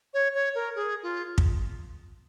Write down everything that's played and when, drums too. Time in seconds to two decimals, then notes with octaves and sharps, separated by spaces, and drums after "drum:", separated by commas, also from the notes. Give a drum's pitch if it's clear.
0.14 C#5
0.35 C#5
0.55 A#4
0.76 G#4
1.03 F4
1.38 drum: kick